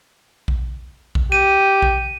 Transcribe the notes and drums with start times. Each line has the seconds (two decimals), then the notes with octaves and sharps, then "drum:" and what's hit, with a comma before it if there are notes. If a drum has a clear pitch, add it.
0.48 drum: kick A#1
1.15 drum: kick A#1
1.32 G4 D#7
1.82 drum: kick A#1